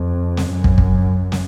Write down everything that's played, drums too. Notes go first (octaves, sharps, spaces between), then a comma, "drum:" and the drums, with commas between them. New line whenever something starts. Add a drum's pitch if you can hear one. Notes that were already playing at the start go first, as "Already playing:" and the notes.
Already playing: F2
drum: snare
F#2
drum: kick
drum: kick
drum: snare